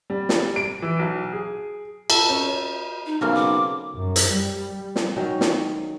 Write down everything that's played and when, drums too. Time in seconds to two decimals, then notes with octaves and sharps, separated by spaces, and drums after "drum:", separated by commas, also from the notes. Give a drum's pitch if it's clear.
0.10 G3
0.29 drum: snare
0.56 D7
0.82 E3
0.99 B1
1.33 G#4
2.10 A4, drum: cymbal
2.29 C#4
3.06 D#4
3.21 B1 C#3 A#3 C4 F6
3.35 D6
3.96 F#2
4.16 drum: hi-hat
4.32 G3
4.96 drum: snare
5.16 D#3 F#3 C#4
5.41 drum: snare